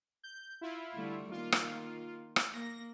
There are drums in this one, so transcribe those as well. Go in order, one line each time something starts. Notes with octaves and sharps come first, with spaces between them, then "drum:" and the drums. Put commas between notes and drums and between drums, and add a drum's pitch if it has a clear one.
G6
E4 F4
D3 G3 A3
D#3 A#3 F4
drum: rim click
drum: rim click
A#3 A#6